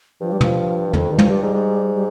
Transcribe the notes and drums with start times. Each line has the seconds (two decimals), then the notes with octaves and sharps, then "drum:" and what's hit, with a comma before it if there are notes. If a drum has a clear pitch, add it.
0.21 G2 F3
0.32 G3
0.41 F3, drum: tom
0.89 F3
0.93 F2 D#3, drum: tom
1.06 D#3
1.12 G2
1.19 F3, drum: tom
1.30 G2 G3
1.42 G#2
1.54 G#2
1.94 G3